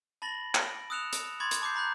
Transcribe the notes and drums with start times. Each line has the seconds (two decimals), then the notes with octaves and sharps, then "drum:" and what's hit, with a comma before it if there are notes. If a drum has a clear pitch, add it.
0.22 A5 B5 A6 A#6 F#7
0.55 D7, drum: clap
0.90 D#6 E6 F#6 C#7 E7 F7
1.13 drum: hi-hat
1.40 B5 C6 D6 G#6 A6
1.51 drum: hi-hat
1.62 A5 D6 G6 C7
1.75 A#5 B5 F#6 G6